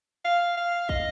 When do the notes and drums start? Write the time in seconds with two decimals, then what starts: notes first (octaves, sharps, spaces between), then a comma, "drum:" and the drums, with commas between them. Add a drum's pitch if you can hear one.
0.25 F5
0.57 F5
0.89 D#5, drum: kick